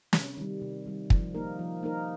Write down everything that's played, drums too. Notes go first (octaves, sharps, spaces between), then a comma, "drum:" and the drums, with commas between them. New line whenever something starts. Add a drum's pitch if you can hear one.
C3, drum: snare
D#3 G3
C3
D#3 G3
F3, drum: kick
A#3 D#4 A#4
F3
A#3 D#4 A#4